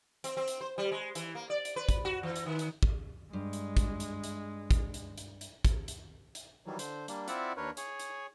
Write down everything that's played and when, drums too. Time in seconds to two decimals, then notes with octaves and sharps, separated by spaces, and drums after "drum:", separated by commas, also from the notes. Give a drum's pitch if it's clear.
0.24 C4, drum: hi-hat
0.37 C4
0.48 drum: hi-hat
0.61 C5
0.78 G3
0.92 G#3
1.15 E3, drum: hi-hat
1.35 A#3
1.50 D5
1.65 drum: hi-hat
1.76 B4
1.89 drum: kick, hi-hat
2.05 F#4
2.23 E3
2.36 drum: hi-hat
2.46 D#3
2.59 drum: hi-hat
2.83 drum: kick
3.33 G2 G#3
3.53 drum: hi-hat
3.77 drum: kick, hi-hat
4.00 drum: hi-hat
4.24 drum: hi-hat
4.71 drum: kick, hi-hat
4.94 drum: hi-hat
5.18 drum: hi-hat
5.41 drum: hi-hat
5.65 drum: kick, hi-hat
5.88 drum: hi-hat
6.35 drum: hi-hat
6.66 D#3 E3 F#3 G3
6.79 D3 C5, drum: hi-hat
7.08 G3 A#3 D4, drum: hi-hat
7.28 C4 E4 F4 D5 E5 F#5, drum: hi-hat
7.57 D#2 D4 A#4 B4 C#5
7.77 G#4 C#5, drum: hi-hat
8.00 drum: hi-hat